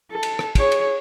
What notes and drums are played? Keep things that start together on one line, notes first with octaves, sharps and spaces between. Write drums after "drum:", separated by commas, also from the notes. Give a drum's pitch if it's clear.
A4
drum: cymbal
drum: rim click
G#4 C#5, drum: kick, cymbal
drum: cymbal